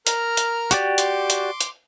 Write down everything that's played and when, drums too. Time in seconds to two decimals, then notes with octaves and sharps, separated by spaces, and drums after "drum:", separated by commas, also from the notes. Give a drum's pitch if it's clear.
0.07 A#4 A#5 F6, drum: hi-hat
0.37 drum: hi-hat
0.71 F#4 G4 D5, drum: hi-hat
0.98 C6 D6, drum: hi-hat
1.30 drum: hi-hat
1.61 drum: hi-hat